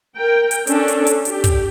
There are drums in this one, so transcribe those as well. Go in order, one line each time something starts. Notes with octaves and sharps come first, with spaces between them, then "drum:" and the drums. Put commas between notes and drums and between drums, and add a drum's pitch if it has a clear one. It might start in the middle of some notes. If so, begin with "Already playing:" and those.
A#4 G5
drum: hi-hat
C#4 D4 A4, drum: hi-hat
drum: hi-hat
drum: hi-hat
G4, drum: hi-hat
drum: kick, hi-hat